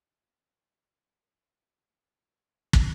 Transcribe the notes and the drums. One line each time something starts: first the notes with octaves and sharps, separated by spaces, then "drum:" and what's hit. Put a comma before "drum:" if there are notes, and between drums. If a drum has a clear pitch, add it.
C5 F5 G#5
F#3 F4
A4 D5
drum: kick